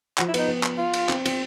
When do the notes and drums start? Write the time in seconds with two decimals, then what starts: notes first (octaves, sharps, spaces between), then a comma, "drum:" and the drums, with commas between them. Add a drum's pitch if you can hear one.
0.18 F3 F#4, drum: clap
0.28 E4
0.34 B3, drum: cymbal
0.38 D#4
0.48 B3
0.63 drum: clap
0.78 F4
0.93 drum: cymbal
1.09 C4, drum: clap
1.25 C4, drum: cymbal